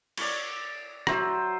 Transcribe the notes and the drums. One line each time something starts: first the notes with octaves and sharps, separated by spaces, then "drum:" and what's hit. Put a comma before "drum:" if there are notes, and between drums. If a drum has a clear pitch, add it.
C#5 D5, drum: cymbal
F#3 C5 E5, drum: rim click